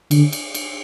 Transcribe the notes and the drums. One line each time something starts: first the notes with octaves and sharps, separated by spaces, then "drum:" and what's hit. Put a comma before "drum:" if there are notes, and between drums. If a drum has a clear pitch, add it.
D3, drum: cymbal
drum: cymbal
drum: cymbal